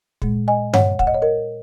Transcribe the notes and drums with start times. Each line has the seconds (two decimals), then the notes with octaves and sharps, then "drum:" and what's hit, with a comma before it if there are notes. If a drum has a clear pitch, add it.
0.22 A#2 G#3, drum: kick
0.48 D#5 G#5
0.74 C#5 F#5, drum: tom G2
0.99 F#5, drum: kick
1.07 D#5
1.14 C#5
1.22 A#4 D#5